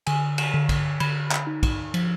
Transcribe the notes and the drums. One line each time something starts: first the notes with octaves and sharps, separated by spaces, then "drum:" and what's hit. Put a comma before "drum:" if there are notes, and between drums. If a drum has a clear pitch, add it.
D3 G#5, drum: cymbal
drum: cymbal
D3
drum: kick, cymbal
D3 B5, drum: cymbal
drum: clap
D#4
drum: kick, cymbal
F3, drum: cymbal